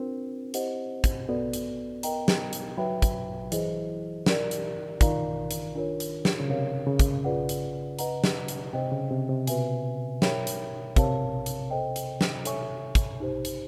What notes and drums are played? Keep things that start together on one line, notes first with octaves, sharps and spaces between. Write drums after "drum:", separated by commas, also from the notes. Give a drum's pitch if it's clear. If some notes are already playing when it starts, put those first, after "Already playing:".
Already playing: C4 D4 F4 A#4
E4 G4 C5 D#5 F#5, drum: hi-hat
drum: kick, hi-hat
B3 F#4 A4 D5
drum: hi-hat
A#4 D#5 G5 A#5, drum: hi-hat
drum: snare
drum: hi-hat
F#3 B4 E5 G5 B5
drum: kick, hi-hat
E3 E4 G#4 C5 D#5, drum: hi-hat
G4 A#4 D5, drum: snare
drum: hi-hat
D#3 F4 A#4 D5 F5 A#5, drum: kick, hi-hat
drum: hi-hat
D4 F4 A#4 C#5
drum: hi-hat
drum: snare
C#3
C3 A#4 C#5 F5
C#3
drum: kick, hi-hat
F4 G#4 B4 D5 F#5
drum: hi-hat
B4 D#5 F#5 A#5, drum: hi-hat
drum: snare
drum: hi-hat
C3 C5 D#5 G5
C#3
C3
C3
B2 F#4 B4 E5 G#5, drum: hi-hat
A#4 C#5 E5 G5 B5, drum: snare
drum: hi-hat
C3 A#4 C#5 F5 A5, drum: kick, hi-hat
drum: hi-hat
A4 C5 D#5 G5
drum: hi-hat
drum: snare
A4 C#5 E5 G#5 C#6, drum: hi-hat
drum: kick, hi-hat
D#4 G4 C5
drum: hi-hat